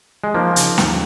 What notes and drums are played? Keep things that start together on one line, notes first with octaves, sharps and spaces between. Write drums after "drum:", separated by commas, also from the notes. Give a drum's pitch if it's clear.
G#3
F3 A#3 D#4
C#3, drum: hi-hat
D#2, drum: snare